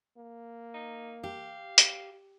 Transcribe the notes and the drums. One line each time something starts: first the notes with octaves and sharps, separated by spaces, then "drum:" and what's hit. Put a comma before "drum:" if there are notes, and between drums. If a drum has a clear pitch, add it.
A#3
D#4
G4 F5
drum: hi-hat